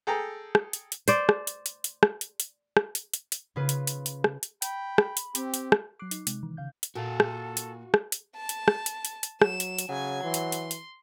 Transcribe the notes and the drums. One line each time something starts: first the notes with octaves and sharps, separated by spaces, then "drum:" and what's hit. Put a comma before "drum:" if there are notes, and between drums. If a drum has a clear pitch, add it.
G#4 A4 G5 A#5
drum: rim click
drum: hi-hat
drum: hi-hat
C5 D5, drum: hi-hat
drum: rim click
drum: hi-hat
drum: hi-hat
drum: hi-hat
drum: rim click
drum: hi-hat
drum: hi-hat
drum: rim click
drum: hi-hat
drum: hi-hat
drum: hi-hat
C#3 F4 B4
drum: hi-hat
drum: hi-hat
drum: hi-hat
drum: rim click
drum: hi-hat
G5 B5, drum: hi-hat
drum: rim click
drum: hi-hat
C4 G4, drum: hi-hat
drum: hi-hat
drum: rim click
F#3 D6 F#6 C7
D#4, drum: hi-hat
C3 G#3, drum: hi-hat
D#3 E3
C#3 F5 G6
drum: hi-hat
A#2 F#4 A4 F5
drum: rim click
drum: hi-hat
drum: rim click
drum: hi-hat
A5
drum: hi-hat
drum: rim click
drum: hi-hat
drum: hi-hat
drum: hi-hat
F#3 E7, drum: rim click
drum: hi-hat
drum: hi-hat
C#3 F#3 G#5 G#6
E3 C6
drum: hi-hat
drum: hi-hat
drum: hi-hat